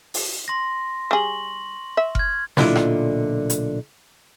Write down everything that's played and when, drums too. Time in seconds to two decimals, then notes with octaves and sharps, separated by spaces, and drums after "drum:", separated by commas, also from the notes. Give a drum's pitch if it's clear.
0.14 drum: open hi-hat
0.48 C6 A#6
1.11 G3 G#4 C#6 F#7
1.97 E5
2.15 F6 G#6, drum: kick F#1
2.57 B1 A#2 D3 E4 F4, drum: snare
2.76 drum: rim click
3.50 drum: hi-hat